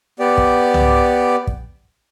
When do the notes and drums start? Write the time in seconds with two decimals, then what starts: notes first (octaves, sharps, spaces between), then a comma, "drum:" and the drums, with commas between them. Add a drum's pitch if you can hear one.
0.19 B3 G4 D5
0.38 drum: kick
0.74 drum: tom C2
1.47 drum: kick